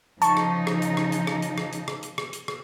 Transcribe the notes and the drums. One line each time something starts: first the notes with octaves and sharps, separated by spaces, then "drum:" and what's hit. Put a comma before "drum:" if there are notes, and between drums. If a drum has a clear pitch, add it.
C#3 F3 D#4 A5 C#6, drum: hi-hat
drum: rim click
drum: rim click
drum: hi-hat
drum: rim click
drum: hi-hat
drum: rim click
drum: hi-hat
drum: rim click
drum: hi-hat
drum: rim click
drum: hi-hat
drum: rim click
drum: hi-hat
drum: rim click